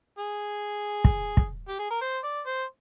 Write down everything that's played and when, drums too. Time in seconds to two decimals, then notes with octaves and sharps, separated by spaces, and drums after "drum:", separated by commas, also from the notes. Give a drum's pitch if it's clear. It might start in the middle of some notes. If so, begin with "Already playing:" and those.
0.19 G#4
1.05 drum: kick
1.37 drum: kick
1.69 G4
1.79 G#4
1.90 A#4
2.01 C5
2.24 D5
2.47 C5